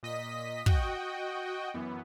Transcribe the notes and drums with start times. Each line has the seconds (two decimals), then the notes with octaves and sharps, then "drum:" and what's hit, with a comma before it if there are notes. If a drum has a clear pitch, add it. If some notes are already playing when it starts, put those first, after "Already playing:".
0.03 A#2 D#5 B6
0.66 F#4 D#5 G5, drum: kick
1.74 F#2 E3 B3